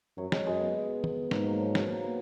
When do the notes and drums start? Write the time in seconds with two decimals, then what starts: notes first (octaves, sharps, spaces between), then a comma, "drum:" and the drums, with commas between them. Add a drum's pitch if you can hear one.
0.17 F#2 F#3
0.32 G#3, drum: snare
0.47 F#2 G#3
0.61 B3
1.04 drum: tom
1.31 G#2 A#3, drum: snare
1.46 F#3
1.60 F3
1.75 F#3, drum: snare
1.89 A#3
2.03 B3